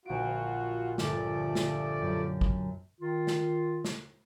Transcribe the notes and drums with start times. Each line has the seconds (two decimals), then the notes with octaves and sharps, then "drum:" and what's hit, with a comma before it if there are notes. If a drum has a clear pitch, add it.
0.05 A#1 F4 F#4 D7
0.98 G1 F3 A3 D5, drum: snare
1.55 drum: snare
2.01 F#2
2.41 drum: kick
3.01 D#3 F4
3.27 drum: snare
3.85 drum: snare